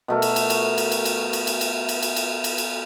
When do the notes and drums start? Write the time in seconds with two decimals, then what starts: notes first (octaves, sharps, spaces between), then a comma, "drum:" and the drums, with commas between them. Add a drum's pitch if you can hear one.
0.08 B2 A3 A#4
0.22 drum: cymbal
0.36 drum: cymbal
0.50 drum: cymbal
0.78 drum: cymbal
0.92 drum: cymbal
1.05 drum: cymbal
1.33 drum: cymbal
1.47 drum: cymbal
1.61 drum: cymbal
1.89 drum: cymbal
2.02 drum: cymbal
2.16 drum: cymbal
2.44 drum: cymbal
2.58 drum: cymbal